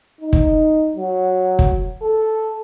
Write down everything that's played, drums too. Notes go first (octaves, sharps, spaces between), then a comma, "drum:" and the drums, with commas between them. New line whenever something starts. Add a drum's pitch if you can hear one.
D#4
drum: kick
F#3
drum: kick
A4